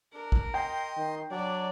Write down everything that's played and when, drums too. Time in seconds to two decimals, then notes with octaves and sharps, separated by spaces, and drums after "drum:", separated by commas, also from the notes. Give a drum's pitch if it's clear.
0.14 D4 A#4
0.32 drum: kick A1
0.54 D#5 G5 C6
0.97 D#3
1.31 F#3 D4 D5